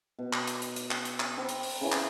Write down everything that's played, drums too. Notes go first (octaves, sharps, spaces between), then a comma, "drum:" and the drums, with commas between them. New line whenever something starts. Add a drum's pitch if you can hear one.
B2
drum: clap
drum: hi-hat
drum: hi-hat
drum: hi-hat
drum: clap
drum: hi-hat
drum: clap
C5 G5 A#5 B5
drum: hi-hat
drum: open hi-hat
C#3 E3 C#4
drum: clap